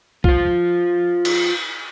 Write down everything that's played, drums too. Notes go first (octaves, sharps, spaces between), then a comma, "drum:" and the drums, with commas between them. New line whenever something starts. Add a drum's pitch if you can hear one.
F4 C5, drum: kick B1
drum: cymbal